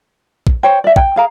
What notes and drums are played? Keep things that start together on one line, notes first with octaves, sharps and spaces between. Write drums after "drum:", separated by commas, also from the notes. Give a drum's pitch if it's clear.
drum: kick
C5 C#5 G5
D5 E5
G5, drum: kick
G#4 F5 A#5